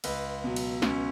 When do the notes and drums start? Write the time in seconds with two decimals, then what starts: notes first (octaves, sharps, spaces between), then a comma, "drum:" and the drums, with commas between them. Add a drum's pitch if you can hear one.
0.04 C#2 B4, drum: cymbal
0.44 B2 F#3
0.56 drum: cymbal
0.82 C#2 C#4, drum: snare